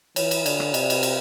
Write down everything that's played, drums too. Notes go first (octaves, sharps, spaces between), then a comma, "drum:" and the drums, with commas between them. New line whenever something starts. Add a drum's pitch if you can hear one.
E3 C#5, drum: cymbal
drum: cymbal
D3 D5, drum: cymbal
drum: rim click
C3 D#5, drum: cymbal
D5
D#5, drum: cymbal
drum: cymbal